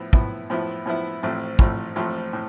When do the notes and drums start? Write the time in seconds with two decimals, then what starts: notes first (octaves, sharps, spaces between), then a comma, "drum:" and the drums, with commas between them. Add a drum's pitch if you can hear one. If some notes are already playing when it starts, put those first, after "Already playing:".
Already playing: A2 F3 B3 E4
0.13 A2 F3 B3 E4, drum: kick
0.50 A2 F3 B3 E4
0.86 A2 F3 B3 E4
1.23 A1 A2 F3 A3 C4
1.59 A1 A2 F3 A3 C4, drum: kick
1.96 A1 A2 F3 A3 C4
2.33 A2